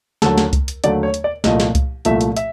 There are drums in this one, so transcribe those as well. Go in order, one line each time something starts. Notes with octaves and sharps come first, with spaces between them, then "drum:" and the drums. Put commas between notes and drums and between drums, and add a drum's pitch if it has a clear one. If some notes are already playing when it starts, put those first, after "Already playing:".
D#2 D3 F#3 A3 A4, drum: snare
drum: snare
drum: kick C2, hi-hat
drum: hi-hat
D#2 D3 F#3 A3 D5, drum: hi-hat
C#5
drum: hi-hat
D5
C2 A#2 F3 A3 D#5, drum: snare
drum: snare
drum: kick C2, hi-hat
C2 A#2 F3 A3 E5, drum: hi-hat
drum: hi-hat
E5, drum: hi-hat